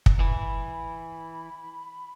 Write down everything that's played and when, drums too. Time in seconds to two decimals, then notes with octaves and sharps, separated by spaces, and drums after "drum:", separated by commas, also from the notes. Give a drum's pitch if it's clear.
0.06 drum: kick
0.20 E3 B5